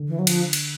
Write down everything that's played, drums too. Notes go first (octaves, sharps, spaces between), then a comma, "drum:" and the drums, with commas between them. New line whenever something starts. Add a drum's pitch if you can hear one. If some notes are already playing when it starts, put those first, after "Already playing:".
Already playing: D3
E3
F#3
F3, drum: cymbal
drum: cymbal